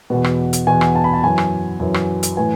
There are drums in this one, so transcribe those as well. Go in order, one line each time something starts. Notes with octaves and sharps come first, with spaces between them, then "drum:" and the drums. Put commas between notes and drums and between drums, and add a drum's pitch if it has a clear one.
E2 B2
drum: rim click
drum: hi-hat
E2 B2 G#5
drum: rim click
A5
B5
A5
F#2 E3 G#5
drum: rim click
F#2 E3
drum: rim click
drum: hi-hat
A2 E3 G#5